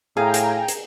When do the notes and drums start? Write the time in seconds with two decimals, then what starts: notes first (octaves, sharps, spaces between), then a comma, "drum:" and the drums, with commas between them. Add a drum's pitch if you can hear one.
0.17 A2 G#4 F5 G5 G#5 A#5
0.34 drum: hi-hat
0.68 drum: hi-hat